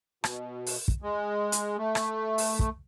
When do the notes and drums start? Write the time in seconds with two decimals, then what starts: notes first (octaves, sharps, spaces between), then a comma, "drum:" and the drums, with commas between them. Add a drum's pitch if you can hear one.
0.24 B2, drum: rim click
0.66 drum: open hi-hat
0.88 drum: kick
1.02 G#3
1.52 drum: hi-hat
1.77 A3
1.95 drum: rim click
2.38 drum: open hi-hat
2.59 drum: kick